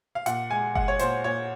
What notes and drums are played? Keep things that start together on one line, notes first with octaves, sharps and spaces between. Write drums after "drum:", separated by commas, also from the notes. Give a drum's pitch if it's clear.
F5
A#2 F#5, drum: hi-hat
G#3 G#5
G#3 F#5, drum: kick F#1
C#5
A#2 C5, drum: hi-hat
A#2 C#5